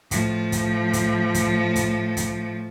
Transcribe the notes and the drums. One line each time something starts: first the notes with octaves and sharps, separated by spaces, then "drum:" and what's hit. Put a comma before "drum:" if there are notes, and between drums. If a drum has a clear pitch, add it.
A2 F3, drum: kick, hi-hat
drum: kick, hi-hat
drum: kick, hi-hat
drum: kick, hi-hat
drum: kick, hi-hat
drum: kick, hi-hat